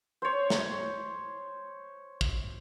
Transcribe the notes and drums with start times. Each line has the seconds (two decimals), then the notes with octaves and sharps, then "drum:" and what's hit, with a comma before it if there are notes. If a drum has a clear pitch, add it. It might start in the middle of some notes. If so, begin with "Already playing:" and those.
0.22 C5 C#5
0.50 drum: snare
2.21 drum: kick